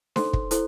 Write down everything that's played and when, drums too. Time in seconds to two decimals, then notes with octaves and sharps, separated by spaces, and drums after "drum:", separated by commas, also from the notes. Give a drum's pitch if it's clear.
0.16 D#4 A4 C5 C6, drum: snare D4
0.33 drum: kick
0.51 E4 A4 C5, drum: hi-hat